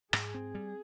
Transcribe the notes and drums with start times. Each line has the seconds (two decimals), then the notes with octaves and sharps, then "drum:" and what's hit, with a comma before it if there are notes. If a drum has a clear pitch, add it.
0.13 G#2 G#4, drum: rim click
0.34 C4
0.55 G3